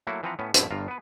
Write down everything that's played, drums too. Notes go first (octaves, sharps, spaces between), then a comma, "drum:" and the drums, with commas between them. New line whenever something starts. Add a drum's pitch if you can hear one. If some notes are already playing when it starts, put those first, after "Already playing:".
F#3 A3 A#3 E4 F#4
E3 F3 C4 B4 F#5 A#5
A2 B3 C#4
A#1 G2 B2 E4 C5 E5, drum: hi-hat
G1 G2 F4 A#5
B3 B4